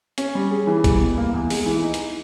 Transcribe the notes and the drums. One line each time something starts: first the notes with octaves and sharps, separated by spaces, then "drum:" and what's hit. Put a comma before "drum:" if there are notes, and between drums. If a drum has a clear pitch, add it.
C#4, drum: hi-hat
G3
G#4
E3
G3, drum: kick C#2, hi-hat
B2
A#3
E2
G#3, drum: open hi-hat
E3
D#4
drum: hi-hat